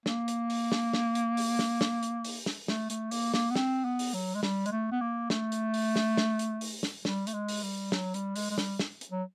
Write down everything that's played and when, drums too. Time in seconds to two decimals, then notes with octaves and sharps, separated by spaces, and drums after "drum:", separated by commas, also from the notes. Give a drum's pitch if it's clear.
0.06 A#3, drum: snare
0.28 drum: hi-hat
0.50 drum: open hi-hat
0.72 drum: snare
0.93 drum: snare
1.15 drum: hi-hat
1.37 drum: open hi-hat
1.59 drum: snare
1.81 drum: snare
2.03 drum: hi-hat
2.24 drum: open hi-hat
2.46 drum: snare
2.68 A3, drum: snare
2.90 A3, drum: hi-hat
3.11 A#3, drum: open hi-hat
3.34 A#3, drum: snare
3.51 B3
3.56 C4, drum: snare
3.85 B3
3.99 drum: open hi-hat
4.14 F#3
4.35 G#3
4.43 G3, drum: snare
4.66 G#3, drum: hi-hat
4.72 A3
4.92 B3
5.01 A#3
5.30 A3, drum: snare
5.52 drum: hi-hat
5.74 drum: open hi-hat
5.96 drum: snare
6.17 drum: snare
6.39 drum: hi-hat
6.61 drum: open hi-hat
6.83 drum: snare
7.05 G3, drum: snare
7.27 A3, drum: hi-hat
7.34 G#3
7.48 drum: open hi-hat
7.63 G3
7.92 F#3, drum: snare
8.14 G3, drum: hi-hat
8.36 G#3, drum: open hi-hat
8.51 G#3
8.58 G3, drum: snare
8.79 drum: snare
9.01 drum: hi-hat
9.12 F#3